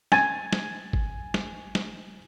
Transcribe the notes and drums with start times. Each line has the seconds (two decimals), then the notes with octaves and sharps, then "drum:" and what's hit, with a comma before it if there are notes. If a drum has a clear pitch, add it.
0.12 G#5 G#6 A6 D#7, drum: snare
0.53 drum: snare
0.93 drum: kick
1.34 drum: snare
1.75 drum: snare